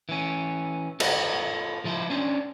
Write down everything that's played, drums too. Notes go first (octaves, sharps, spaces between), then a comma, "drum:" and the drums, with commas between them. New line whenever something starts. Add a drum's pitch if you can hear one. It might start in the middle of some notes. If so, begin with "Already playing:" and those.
E3 C#4
F4 A4 B4 C#5 F5, drum: cymbal
F3 E4 C5
C#4 D4 C5